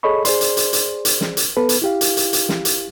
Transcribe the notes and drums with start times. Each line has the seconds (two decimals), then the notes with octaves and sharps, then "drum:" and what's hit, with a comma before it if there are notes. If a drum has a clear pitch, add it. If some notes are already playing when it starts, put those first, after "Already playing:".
0.03 G#4 A4 C#5 D#5 B5 C#6
0.25 G#4 C5 D5 C6, drum: hi-hat
0.41 drum: hi-hat
0.57 drum: hi-hat
0.73 drum: hi-hat
1.05 drum: hi-hat
1.21 drum: snare
1.37 drum: hi-hat
1.57 B3 A4 B4
1.69 drum: hi-hat
1.82 E4 G4 F5
2.01 drum: hi-hat
2.17 drum: hi-hat
2.33 drum: hi-hat
2.49 drum: snare
2.65 drum: hi-hat